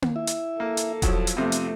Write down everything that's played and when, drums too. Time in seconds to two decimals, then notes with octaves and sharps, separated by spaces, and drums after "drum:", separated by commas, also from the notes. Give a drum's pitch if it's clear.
0.02 drum: tom A#3
0.16 E4 E5
0.27 drum: hi-hat
0.60 A#3 A4
0.77 drum: hi-hat
1.02 F3 F#3 E4 F4, drum: kick E1, hi-hat
1.27 drum: hi-hat
1.37 F2 C3 A3 B3
1.52 drum: hi-hat